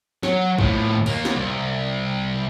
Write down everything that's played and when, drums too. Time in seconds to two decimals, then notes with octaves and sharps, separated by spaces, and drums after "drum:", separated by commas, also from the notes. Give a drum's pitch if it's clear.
0.23 F#3, drum: snare
0.58 A2 F3, drum: kick
1.06 D#2 A#3, drum: cymbal
1.25 drum: snare
1.36 C2